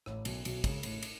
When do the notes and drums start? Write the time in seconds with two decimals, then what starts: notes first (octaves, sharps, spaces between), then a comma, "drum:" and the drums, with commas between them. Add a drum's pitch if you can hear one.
0.06 A1 A2, drum: rim click
0.25 B1 B2, drum: cymbal
0.45 B1 B2, drum: cymbal
0.64 C#2 C#3, drum: kick, cymbal
0.83 A1 A2, drum: cymbal
1.03 drum: cymbal